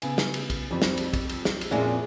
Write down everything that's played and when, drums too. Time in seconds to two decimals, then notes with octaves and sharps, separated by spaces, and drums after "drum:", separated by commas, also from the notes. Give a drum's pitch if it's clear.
0.02 C#3 B3 G#5, drum: cymbal
0.18 drum: snare
0.34 drum: cymbal
0.50 drum: kick, cymbal
0.71 F2 G3 C4
0.82 drum: snare
0.98 drum: cymbal
1.13 drum: kick, cymbal
1.29 drum: cymbal
1.45 drum: snare
1.61 drum: cymbal
1.71 F2 A#2 G#3 C#4 E4 D5